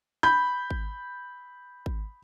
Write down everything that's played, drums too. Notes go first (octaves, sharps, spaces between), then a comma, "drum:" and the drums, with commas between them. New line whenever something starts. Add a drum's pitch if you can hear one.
B5 G6
drum: kick G#1
drum: kick G#1